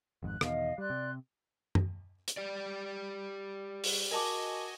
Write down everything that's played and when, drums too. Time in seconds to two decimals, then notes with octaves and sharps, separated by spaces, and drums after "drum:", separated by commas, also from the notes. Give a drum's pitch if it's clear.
0.23 G#1 F2 G#2 F#6
0.41 E2 B2 D#3 D#5 F5, drum: rim click
0.78 G3 D5 C6 F#6
0.90 C3
1.75 drum: tom F#2
2.28 drum: hi-hat
2.37 G4 D5
3.84 drum: open hi-hat
4.11 F#4 A#4 D#5 G#5 A5 D6